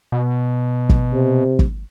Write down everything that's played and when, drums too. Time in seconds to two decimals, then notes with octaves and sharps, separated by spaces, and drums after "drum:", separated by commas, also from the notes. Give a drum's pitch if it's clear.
0.12 B2
0.90 drum: kick
1.13 C3
1.59 drum: kick